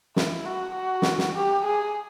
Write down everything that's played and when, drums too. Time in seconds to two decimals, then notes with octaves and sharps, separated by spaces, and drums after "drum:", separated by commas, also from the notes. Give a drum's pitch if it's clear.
0.16 E4, drum: snare
0.45 F#4
0.75 F#4
1.02 drum: snare
1.18 drum: snare
1.35 G4
1.65 G#4